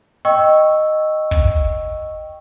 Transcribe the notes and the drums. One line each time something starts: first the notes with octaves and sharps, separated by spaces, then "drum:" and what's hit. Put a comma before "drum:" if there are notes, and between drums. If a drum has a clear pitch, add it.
D#5 G5 C#6 E6, drum: hi-hat
drum: kick